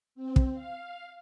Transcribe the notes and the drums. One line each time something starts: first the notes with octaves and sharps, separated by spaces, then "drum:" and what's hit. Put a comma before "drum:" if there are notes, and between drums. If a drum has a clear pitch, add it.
C4
drum: kick
F5